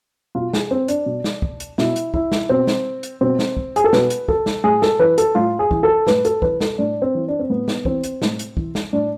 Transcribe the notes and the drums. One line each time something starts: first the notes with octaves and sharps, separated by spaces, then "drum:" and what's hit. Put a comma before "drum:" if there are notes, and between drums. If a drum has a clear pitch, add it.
B2 F4
G#4, drum: snare
C4
D4, drum: hi-hat
B2
drum: snare
drum: kick
drum: hi-hat
B2 E4, drum: snare
drum: hi-hat
E4, drum: kick
drum: snare
B2 C4
drum: snare
drum: hi-hat
B2 C4
drum: snare
drum: kick
G#4, drum: hi-hat
A4
B2 B4, drum: snare
drum: hi-hat
A4, drum: kick
drum: snare
A2 G#4
A4, drum: snare
E3 B4
A4, drum: hi-hat
A2 F4
G#4
E3, drum: kick
A4
A2 B4, drum: snare
A4, drum: hi-hat
E3 B4, drum: kick
A4, drum: snare
A2 D4
C4
E3
D4
C4
A2 B3
drum: snare
E3 C4, drum: kick
drum: hi-hat
A2, drum: snare
drum: hi-hat
E3, drum: kick
drum: snare
A2 D4